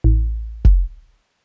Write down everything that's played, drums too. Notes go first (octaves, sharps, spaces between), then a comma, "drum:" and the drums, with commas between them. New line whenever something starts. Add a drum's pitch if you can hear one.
A1
drum: kick F1